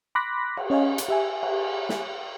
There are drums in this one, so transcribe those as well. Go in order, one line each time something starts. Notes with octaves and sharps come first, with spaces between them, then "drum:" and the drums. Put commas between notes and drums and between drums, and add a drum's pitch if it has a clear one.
B5 C6 D6 F#6 A#6 B6
drum: cymbal
C#4 C#5 D#5 F5 G#5
drum: hi-hat
G4 E5 G#5
drum: cymbal
drum: snare